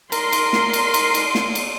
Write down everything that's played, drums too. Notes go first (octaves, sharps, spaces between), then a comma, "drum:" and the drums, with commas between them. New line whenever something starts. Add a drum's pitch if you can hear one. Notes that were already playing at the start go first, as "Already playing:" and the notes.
A#4 C6, drum: cymbal
drum: cymbal
drum: snare
drum: cymbal
drum: cymbal
drum: cymbal
drum: snare
drum: cymbal